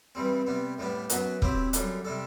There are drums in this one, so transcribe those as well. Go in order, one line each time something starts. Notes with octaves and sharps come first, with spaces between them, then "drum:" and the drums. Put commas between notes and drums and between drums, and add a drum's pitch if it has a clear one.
G2 E3 G3 C4
C3 G3 B3
A2 G3 B3 D4
F#2 F#3 B3 F#4 B4, drum: hi-hat
F#3 C4 E4 G4 C5, drum: kick E1
F#2 D3 G3, drum: hi-hat
C3 G3 D4 A4